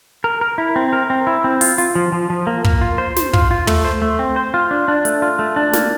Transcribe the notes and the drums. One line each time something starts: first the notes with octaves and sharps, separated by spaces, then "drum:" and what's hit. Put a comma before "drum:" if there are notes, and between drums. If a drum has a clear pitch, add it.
A#4
A#4
E4
C4
A#4
C4
E4
C4
F4, drum: open hi-hat
F4, drum: hi-hat
F3
F3
F3
A#3
A#3, drum: kick
F4
C5
C5, drum: snare
F4, drum: kick
F4
A3, drum: tom
C5
A3
C4
C5
F4
D4
D4
A3, drum: hi-hat
F4
A3
D4
A#3, drum: snare